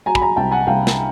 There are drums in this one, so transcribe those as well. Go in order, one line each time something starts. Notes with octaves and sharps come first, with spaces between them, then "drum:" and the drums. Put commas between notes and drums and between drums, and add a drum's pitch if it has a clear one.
F#3 G#5 A#5
B5, drum: kick
G#5 A#5
C2 G5 A5
F#5 G#5
C2 F5 G5
drum: snare